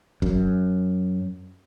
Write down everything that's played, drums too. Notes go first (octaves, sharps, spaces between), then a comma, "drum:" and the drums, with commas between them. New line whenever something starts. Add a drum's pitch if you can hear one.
F#2, drum: kick